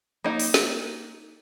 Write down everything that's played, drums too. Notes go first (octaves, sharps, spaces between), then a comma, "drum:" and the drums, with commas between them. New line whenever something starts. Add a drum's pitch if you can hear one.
A#3 D#4
drum: open hi-hat
drum: snare